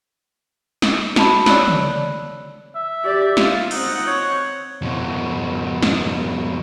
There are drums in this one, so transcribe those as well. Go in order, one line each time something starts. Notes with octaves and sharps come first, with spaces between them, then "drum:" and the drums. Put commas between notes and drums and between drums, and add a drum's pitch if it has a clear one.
drum: snare
F#4 A5 B5, drum: snare
C#5 D5 E6 F#6, drum: snare
drum: tom
E5
G4 D5
F4, drum: snare
C4 D#4 F#5, drum: cymbal
C#5
F2 B2
drum: snare